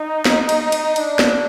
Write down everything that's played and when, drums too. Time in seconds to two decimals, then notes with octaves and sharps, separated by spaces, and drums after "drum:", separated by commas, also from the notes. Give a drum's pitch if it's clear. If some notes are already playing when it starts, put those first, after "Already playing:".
Already playing: D#4
0.25 drum: snare
0.49 drum: cymbal
0.72 drum: cymbal
0.96 D4, drum: cymbal
1.19 drum: snare